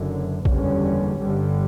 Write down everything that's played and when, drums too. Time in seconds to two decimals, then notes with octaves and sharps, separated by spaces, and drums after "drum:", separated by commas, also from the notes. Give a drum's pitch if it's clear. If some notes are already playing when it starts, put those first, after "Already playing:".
Already playing: F#1 F#2 D3
0.45 F#1 E2 D3 G3 C#4, drum: kick
1.19 G1 G2 D3 G3